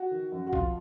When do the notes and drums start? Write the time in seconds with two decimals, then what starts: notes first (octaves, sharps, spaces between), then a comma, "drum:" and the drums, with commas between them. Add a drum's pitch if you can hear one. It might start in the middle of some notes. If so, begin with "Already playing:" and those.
Already playing: F#4
0.11 D#3
0.32 F#2
0.47 F#4
0.53 F2 F4, drum: kick